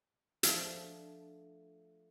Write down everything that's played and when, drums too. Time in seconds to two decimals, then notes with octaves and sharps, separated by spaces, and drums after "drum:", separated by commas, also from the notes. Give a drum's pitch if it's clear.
0.43 F3 A3 D4, drum: hi-hat